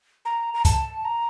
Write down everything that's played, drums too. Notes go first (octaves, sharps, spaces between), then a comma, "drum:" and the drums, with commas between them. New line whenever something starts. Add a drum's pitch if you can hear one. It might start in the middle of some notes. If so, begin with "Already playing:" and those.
A#5
A#5
A5, drum: kick, hi-hat
A#5